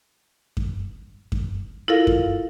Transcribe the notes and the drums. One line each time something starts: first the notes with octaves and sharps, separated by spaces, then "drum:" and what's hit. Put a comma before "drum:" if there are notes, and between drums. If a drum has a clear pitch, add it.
drum: kick F#2
drum: kick F#2
E4 F4 A4 A#4 F5
drum: kick F#2